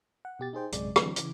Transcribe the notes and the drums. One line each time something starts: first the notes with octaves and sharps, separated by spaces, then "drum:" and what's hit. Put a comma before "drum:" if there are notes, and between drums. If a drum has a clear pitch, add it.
F#5
B2 G4 A6
D#4 G#4 C5 G5
A#1 F#2 C3 G#3 D5, drum: hi-hat
D3 E3 F#3 C4 D4, drum: rim click
C#3 E3 D6, drum: hi-hat